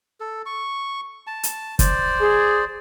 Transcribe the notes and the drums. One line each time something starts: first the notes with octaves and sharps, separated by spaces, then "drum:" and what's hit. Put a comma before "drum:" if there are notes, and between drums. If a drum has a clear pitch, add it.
A4
C#6
A5
drum: hi-hat
C5 D5, drum: kick, hi-hat
G#4